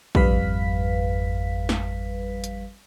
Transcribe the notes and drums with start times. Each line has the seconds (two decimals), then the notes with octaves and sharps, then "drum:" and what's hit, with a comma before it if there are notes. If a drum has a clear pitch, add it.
0.15 G#1 F2 G3 B4 F5 B6, drum: kick A#1
1.69 drum: snare
2.44 drum: hi-hat